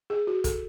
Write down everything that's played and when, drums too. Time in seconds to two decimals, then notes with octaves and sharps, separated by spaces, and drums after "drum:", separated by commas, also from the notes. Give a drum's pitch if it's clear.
0.10 G#4
0.27 F#4
0.44 A4, drum: kick, hi-hat